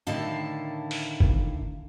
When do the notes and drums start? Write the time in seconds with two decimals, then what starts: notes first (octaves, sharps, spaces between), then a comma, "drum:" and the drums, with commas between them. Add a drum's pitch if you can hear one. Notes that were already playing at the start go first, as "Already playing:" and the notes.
0.07 A2 D3 D#3 E4 F5 A5
0.91 drum: open hi-hat
1.20 drum: kick